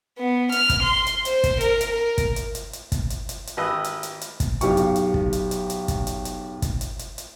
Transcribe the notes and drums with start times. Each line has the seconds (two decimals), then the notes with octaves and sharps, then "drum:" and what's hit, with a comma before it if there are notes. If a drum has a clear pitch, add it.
0.18 B3
0.52 F6, drum: hi-hat
0.69 drum: kick, hi-hat
0.83 C6
1.07 drum: hi-hat
1.25 C5, drum: hi-hat
1.44 drum: kick, hi-hat
1.61 A#4, drum: hi-hat
1.81 drum: hi-hat
1.92 A#4
2.18 drum: kick, hi-hat
2.36 drum: hi-hat
2.55 drum: hi-hat
2.73 drum: hi-hat
2.92 drum: kick, hi-hat
3.10 drum: hi-hat
3.29 drum: hi-hat
3.47 drum: hi-hat
3.57 G#1 G4 B4 D#5 E6 F#6
3.84 drum: hi-hat
4.03 drum: hi-hat
4.21 drum: hi-hat
4.40 drum: kick, hi-hat
4.61 B1 G4 F5 C#6, drum: hi-hat
4.77 drum: hi-hat
4.96 drum: hi-hat
5.14 drum: kick
5.33 drum: hi-hat
5.51 drum: hi-hat
5.70 drum: hi-hat
5.88 drum: kick, hi-hat
6.07 drum: hi-hat
6.25 drum: hi-hat
6.62 drum: kick, hi-hat
6.81 drum: hi-hat
6.99 drum: hi-hat
7.18 drum: hi-hat